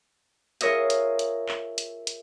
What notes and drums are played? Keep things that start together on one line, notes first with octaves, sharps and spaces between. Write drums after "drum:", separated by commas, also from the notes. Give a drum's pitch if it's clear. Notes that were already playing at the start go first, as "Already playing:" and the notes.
F4 G#4 A#4 C#5 D#5 E5, drum: hi-hat
drum: hi-hat
drum: hi-hat
drum: clap
drum: hi-hat
drum: hi-hat